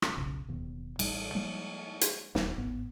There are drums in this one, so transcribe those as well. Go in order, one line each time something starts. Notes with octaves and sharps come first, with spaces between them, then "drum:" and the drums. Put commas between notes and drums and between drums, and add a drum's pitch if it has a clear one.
drum: rim click
F1 B1 C#3
D1 D#2 B2
A1 A2 G3, drum: cymbal
F3 G3 G#3 A#3
drum: hi-hat
E1 D#2, drum: snare
G#1 A2 B3